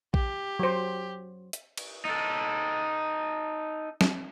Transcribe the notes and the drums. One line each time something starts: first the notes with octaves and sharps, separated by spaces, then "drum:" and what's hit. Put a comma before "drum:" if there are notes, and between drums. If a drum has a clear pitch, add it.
G4, drum: kick A#1
F#3 C5
drum: hi-hat
drum: cymbal
D#4 A4
drum: snare